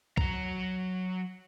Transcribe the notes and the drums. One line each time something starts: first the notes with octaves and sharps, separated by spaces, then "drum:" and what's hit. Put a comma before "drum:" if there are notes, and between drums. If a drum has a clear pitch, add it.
F#3 A#5, drum: kick B1